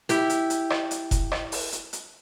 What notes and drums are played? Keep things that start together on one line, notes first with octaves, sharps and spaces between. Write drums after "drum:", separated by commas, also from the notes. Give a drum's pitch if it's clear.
E4 G4, drum: hi-hat
drum: hi-hat
drum: hi-hat
drum: rim click
drum: hi-hat
drum: kick F1, hi-hat
drum: rim click
drum: open hi-hat
drum: hi-hat
drum: hi-hat